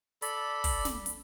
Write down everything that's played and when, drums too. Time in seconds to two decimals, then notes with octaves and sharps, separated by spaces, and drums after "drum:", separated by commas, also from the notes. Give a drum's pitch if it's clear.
0.22 A4 D5 B5, drum: hi-hat
0.64 drum: kick, open hi-hat
0.85 drum: snare
1.06 drum: hi-hat